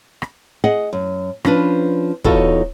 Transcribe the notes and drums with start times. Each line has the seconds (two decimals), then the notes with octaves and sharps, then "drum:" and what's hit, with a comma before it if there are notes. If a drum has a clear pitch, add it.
0.22 drum: rim click
0.64 G#4 D#5 F#5
0.93 F#2
1.45 F3 C#4 D4 B4, drum: rim click
2.24 E2 D#4 F4 F#4 A4 C#5, drum: kick